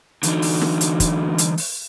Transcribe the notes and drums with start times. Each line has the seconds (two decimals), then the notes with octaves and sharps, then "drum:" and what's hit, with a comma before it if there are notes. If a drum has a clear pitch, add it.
0.23 D3 E3 F#3 A3 D4 D#4, drum: hi-hat
0.42 drum: open hi-hat
0.61 drum: snare
0.81 drum: hi-hat
1.00 drum: kick, hi-hat
1.38 drum: hi-hat
1.58 drum: open hi-hat